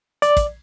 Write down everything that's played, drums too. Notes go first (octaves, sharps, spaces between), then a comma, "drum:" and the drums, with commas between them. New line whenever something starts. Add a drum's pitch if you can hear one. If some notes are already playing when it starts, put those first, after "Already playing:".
D5, drum: hi-hat
drum: kick, hi-hat